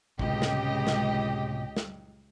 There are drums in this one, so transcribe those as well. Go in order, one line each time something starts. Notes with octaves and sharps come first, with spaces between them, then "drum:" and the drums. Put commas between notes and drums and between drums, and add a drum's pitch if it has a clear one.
C#2 A2 C3 G4 D#5, drum: kick
drum: snare
drum: snare
drum: snare